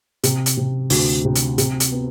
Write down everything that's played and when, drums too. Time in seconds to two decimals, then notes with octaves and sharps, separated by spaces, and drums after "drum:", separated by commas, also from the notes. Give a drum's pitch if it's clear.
0.23 C3, drum: hi-hat
0.46 drum: hi-hat
0.57 C3
0.90 D2, drum: open hi-hat
1.25 C3
1.35 drum: hi-hat
1.58 C3, drum: hi-hat
1.80 drum: hi-hat
1.92 B3